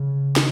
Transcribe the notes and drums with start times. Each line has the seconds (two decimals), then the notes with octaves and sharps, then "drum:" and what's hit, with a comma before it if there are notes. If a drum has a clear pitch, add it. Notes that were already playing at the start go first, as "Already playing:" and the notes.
Already playing: C#3
0.36 D#3, drum: snare